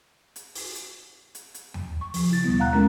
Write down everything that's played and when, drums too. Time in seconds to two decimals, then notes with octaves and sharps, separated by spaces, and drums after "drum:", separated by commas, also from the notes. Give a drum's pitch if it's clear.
0.36 drum: hi-hat
0.55 drum: open hi-hat
0.75 drum: hi-hat
1.35 drum: hi-hat
1.54 drum: hi-hat
1.74 drum: tom
2.01 C#6
2.14 F3, drum: open hi-hat
2.30 C#3 E4 A6
2.44 D#2 B2 G3 B3
2.60 F5 F#5 A#5 F#6
2.73 G#3 A3 C#4 E4 A#4